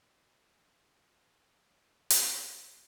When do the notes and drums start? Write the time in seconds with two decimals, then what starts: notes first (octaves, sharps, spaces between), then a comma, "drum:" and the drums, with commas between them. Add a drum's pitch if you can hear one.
0.25 D3 D#4
2.10 drum: hi-hat